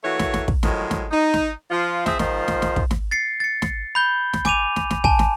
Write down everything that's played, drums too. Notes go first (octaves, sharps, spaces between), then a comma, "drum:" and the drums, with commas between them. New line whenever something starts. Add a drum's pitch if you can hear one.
E3 A3 A#3 F#4 C#5
drum: snare
drum: snare
drum: kick
A2 D#3 F3 F#3 G#3, drum: snare
drum: snare
D#4
drum: snare
F3 F4
F3 C4 G#4 E5, drum: snare
G#2 D#3 F3 F4 C5, drum: snare
drum: snare
drum: snare
drum: kick
drum: snare
A6 C7 C#7
A6 C#7
drum: snare
B5 G6 G7
drum: snare
G#5 D6 D#7 F7, drum: snare
drum: snare
drum: snare
G#5 A5, drum: kick
drum: snare